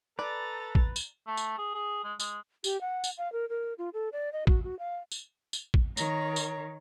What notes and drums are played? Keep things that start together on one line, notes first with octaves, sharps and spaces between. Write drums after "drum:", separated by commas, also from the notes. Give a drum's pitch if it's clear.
A4 B4 D5 A#5 A6
drum: kick A1
drum: tambourine
A3
drum: tambourine
G#4
G#4
G#3
G#3, drum: tambourine
G4, drum: tambourine
F#5
drum: tambourine
F5
A#4
A#4
F4
A4
D5
D#5
F#4, drum: kick A1
F#4
F5
drum: tambourine
drum: tambourine
drum: kick A1
D#3 C#5 A#5, drum: tambourine
drum: tambourine